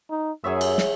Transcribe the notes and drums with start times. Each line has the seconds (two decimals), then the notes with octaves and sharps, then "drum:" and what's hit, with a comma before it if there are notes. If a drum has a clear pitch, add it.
0.11 D#4
0.44 F#2 G#4 C#5 E5
0.61 drum: cymbal
0.78 drum: snare